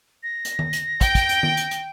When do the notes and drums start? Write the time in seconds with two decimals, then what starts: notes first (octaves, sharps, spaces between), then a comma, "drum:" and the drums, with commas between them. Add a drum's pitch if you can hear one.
0.23 A#6
0.45 drum: hi-hat
0.59 drum: tom D#3
0.73 drum: hi-hat
1.01 G5, drum: kick, hi-hat
1.15 drum: kick, hi-hat
1.29 drum: hi-hat
1.43 drum: tom D#3
1.57 drum: hi-hat
1.71 drum: hi-hat